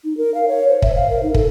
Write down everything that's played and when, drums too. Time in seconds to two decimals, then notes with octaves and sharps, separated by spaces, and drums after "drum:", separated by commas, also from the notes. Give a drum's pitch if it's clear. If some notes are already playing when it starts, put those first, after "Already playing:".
0.04 D#4
0.17 A#4
0.34 F5
0.48 C#5
0.69 C5
0.82 E5, drum: kick
0.96 F5
1.10 A#4
1.23 D#4
1.34 A4, drum: kick